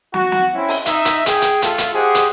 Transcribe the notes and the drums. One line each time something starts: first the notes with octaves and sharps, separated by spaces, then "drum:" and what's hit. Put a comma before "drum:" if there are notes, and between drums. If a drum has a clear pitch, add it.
F#4, drum: snare
drum: snare
C4 C#4 E4
drum: open hi-hat
D#4 E5, drum: hi-hat
drum: hi-hat
G#4 G5, drum: hi-hat
drum: hi-hat
A3 F4 A4, drum: hi-hat
drum: hi-hat
G4 G#4 C5 D#5 F#5
drum: hi-hat